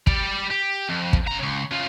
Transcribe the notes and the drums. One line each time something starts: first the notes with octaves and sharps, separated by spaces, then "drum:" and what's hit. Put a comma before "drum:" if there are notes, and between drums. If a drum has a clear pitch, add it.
G3 D5, drum: kick
G4
F2
drum: kick
C#3 A#5
C#2
C#4 F4